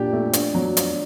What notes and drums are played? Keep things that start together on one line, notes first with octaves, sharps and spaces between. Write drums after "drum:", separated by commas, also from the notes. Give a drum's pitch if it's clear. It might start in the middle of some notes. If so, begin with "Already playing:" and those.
Already playing: A#2 D4 G4
A3
D4, drum: hi-hat
F#3
D4, drum: hi-hat